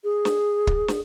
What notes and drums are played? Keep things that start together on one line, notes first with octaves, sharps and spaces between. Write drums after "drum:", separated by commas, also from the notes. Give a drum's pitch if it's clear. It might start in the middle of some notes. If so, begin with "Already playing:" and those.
G#4
drum: snare
drum: kick
drum: snare